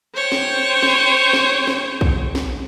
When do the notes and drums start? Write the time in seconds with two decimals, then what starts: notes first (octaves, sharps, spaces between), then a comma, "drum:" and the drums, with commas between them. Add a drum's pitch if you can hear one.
0.15 C5 C#5 G5
0.32 drum: snare
0.83 drum: snare
1.33 drum: snare
1.67 drum: snare
2.01 drum: kick
2.35 drum: snare